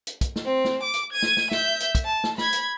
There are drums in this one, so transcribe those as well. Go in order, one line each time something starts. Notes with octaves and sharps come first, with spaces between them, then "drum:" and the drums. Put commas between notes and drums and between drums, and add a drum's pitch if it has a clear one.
drum: hi-hat
drum: kick, hi-hat
drum: snare
C4
drum: snare
D6
drum: hi-hat
G#6 D#7
drum: snare
drum: snare
E5 G6, drum: snare
drum: hi-hat
drum: kick, hi-hat
A5
drum: snare
B5 G#6, drum: snare
drum: hi-hat